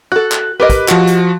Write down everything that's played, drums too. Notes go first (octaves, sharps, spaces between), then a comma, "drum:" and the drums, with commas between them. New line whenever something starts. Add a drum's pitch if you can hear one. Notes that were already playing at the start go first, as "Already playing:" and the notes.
F#4 A4 F#6
drum: clap
G4 A#4 B4 D#5 D6
drum: kick, hi-hat
F3 F#4, drum: clap
drum: hi-hat